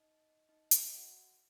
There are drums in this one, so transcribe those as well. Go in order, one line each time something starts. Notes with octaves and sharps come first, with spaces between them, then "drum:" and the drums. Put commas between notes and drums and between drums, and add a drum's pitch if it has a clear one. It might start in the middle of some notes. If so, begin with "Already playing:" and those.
Already playing: D#4 D#5
D#4 D#5
D#4 D#5, drum: hi-hat
F#4 F#5